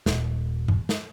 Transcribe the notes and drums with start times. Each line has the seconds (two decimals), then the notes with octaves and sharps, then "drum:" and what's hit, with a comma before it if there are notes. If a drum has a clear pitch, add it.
0.06 D#1, drum: snare
0.68 drum: tom G2
0.89 drum: snare